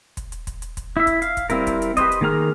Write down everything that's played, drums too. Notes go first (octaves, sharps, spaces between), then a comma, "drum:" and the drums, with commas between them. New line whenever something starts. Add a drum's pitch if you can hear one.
drum: kick, hi-hat
drum: hi-hat
drum: kick, hi-hat
drum: hi-hat
drum: kick, hi-hat
E4 E5
drum: kick, hi-hat
F5, drum: hi-hat
drum: kick, hi-hat
G3 C4 E4 A#4, drum: hi-hat
drum: kick, hi-hat
drum: hi-hat
G4 B4 C5 D#5, drum: kick, hi-hat
drum: hi-hat
D#3 A#3 G#4 A#5 F6